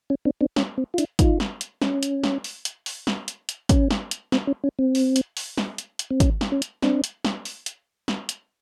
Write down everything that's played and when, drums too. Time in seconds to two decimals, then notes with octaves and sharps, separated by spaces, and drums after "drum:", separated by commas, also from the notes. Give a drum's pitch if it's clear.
0.10 C#4
0.25 C4 D4
0.41 C4 D4
0.56 C#4, drum: snare
0.78 C4
0.94 F4
0.98 D4 E4, drum: hi-hat
1.19 D#4 F4, drum: kick, hi-hat
1.40 drum: snare
1.61 drum: hi-hat
1.82 C#4, drum: snare
2.03 drum: hi-hat
2.24 drum: snare
2.44 drum: open hi-hat
2.65 drum: hi-hat
2.86 drum: open hi-hat
3.07 drum: snare
3.28 drum: hi-hat
3.49 drum: hi-hat
3.69 C#4, drum: kick, hi-hat
3.91 drum: snare
4.11 drum: hi-hat
4.32 C4, drum: snare
4.47 C#4
4.64 C#4
4.79 C4
4.95 drum: open hi-hat
5.16 drum: hi-hat
5.37 drum: open hi-hat
5.58 drum: snare
5.78 drum: hi-hat
5.99 drum: hi-hat
6.11 C4
6.20 C#4, drum: kick, hi-hat
6.41 drum: snare
6.52 C#4
6.62 drum: hi-hat
6.82 C4 D4, drum: snare
7.04 drum: hi-hat
7.25 drum: snare
7.45 drum: open hi-hat
7.66 drum: hi-hat
8.08 drum: snare
8.29 drum: hi-hat